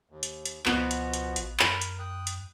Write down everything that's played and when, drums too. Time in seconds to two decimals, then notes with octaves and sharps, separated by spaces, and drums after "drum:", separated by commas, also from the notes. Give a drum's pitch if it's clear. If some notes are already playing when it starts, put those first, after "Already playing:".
0.10 D#2
0.23 drum: hi-hat
0.45 drum: hi-hat
0.66 C#2 B2 F3 B3 F#4, drum: clap
0.91 drum: hi-hat
1.13 drum: hi-hat
1.36 A1, drum: hi-hat
1.60 F#2 A#4 B5, drum: clap
1.81 drum: hi-hat
1.99 G5 D#6 F#6
2.27 drum: hi-hat